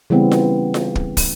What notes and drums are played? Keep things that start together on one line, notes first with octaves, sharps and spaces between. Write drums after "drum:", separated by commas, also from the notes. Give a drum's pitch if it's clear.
C#3 E3 G3 B3 C4
drum: snare F4
drum: snare F4
drum: kick
drum: kick, open hi-hat